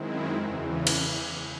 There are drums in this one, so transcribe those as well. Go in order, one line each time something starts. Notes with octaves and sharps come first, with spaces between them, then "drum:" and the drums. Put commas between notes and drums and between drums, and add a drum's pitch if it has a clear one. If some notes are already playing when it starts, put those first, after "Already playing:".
Already playing: F#2 D#3 G#3 C4 E4
E2 C#3 E3
drum: cymbal